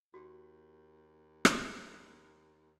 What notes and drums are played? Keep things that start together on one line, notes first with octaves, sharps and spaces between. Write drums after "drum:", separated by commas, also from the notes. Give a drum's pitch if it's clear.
D#2 F#4 G4
drum: rim click